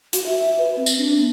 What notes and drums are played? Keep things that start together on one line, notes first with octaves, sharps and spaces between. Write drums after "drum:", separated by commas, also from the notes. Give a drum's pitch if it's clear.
F#4, drum: hi-hat
E5
B4
C4
drum: tambourine
D4
B3